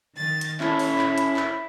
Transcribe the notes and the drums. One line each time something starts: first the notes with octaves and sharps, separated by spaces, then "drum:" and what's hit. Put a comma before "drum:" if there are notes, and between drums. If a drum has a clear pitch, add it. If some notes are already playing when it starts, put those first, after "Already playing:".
D#3 A6
drum: hi-hat
C#4 E4 A4 C#5, drum: clap
drum: open hi-hat
drum: clap
drum: hi-hat
drum: clap